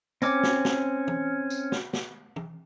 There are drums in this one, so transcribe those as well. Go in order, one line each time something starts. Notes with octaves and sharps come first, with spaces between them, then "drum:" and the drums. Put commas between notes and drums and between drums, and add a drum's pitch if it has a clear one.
C4 C#4 D6, drum: tambourine
drum: snare
drum: snare
drum: tom
drum: tambourine
drum: snare
drum: snare
drum: tom